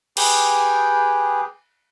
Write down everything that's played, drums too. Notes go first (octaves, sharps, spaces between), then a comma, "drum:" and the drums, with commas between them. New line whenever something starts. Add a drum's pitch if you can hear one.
G4 G#4 B4 G5, drum: cymbal